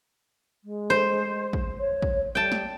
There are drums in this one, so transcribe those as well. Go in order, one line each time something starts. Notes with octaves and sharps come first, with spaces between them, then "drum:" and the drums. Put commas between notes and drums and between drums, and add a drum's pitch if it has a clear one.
G#3
C5
drum: kick
C#5
drum: kick
G3 G5 A5
drum: snare